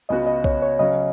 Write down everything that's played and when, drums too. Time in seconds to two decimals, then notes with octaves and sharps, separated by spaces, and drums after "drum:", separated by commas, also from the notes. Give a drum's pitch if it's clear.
0.09 C#2 C#3 B3 F#4 D#5
0.26 D#5
0.44 C#5, drum: kick B1
0.62 C#5
0.79 C#3 F#3 C#4 D#5